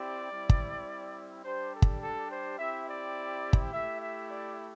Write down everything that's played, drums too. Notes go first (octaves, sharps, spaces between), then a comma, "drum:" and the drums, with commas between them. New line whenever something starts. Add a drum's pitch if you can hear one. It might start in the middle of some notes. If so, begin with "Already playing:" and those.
Already playing: C4 E4 G4 D5
G3 C4 E4
drum: kick
G3 D4 G4 C5
A4
drum: kick
A4
C5
C4 E4 G4 E5
D5
drum: kick
A3 E4 G4 E5
E5
D5